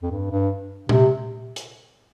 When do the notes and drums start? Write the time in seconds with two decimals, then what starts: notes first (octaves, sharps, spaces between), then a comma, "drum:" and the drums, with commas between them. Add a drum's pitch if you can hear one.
0.03 F2
0.11 G2
0.32 G2
0.89 C3, drum: tom A#2
1.56 drum: hi-hat